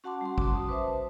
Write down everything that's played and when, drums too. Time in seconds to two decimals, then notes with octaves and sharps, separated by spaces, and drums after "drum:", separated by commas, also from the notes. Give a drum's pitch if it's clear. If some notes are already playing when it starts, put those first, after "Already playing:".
0.04 C#4 F#4 F#5 A5 C6 D6
0.21 G3 C#4 C6
0.38 F#4 A5 D6, drum: kick A1
0.55 D#6
0.69 B4 C5 E5 A5